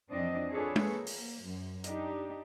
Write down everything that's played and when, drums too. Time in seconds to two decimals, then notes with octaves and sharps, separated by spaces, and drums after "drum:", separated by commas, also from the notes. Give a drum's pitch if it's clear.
0.12 F2 E3 F3 C4 D4 D#5
0.51 D4 F4 G#4 A4 B4 C#5
0.76 drum: tom G#3
0.86 A#3
1.06 drum: open hi-hat
1.43 F#2
1.84 D4 D#4 G4, drum: hi-hat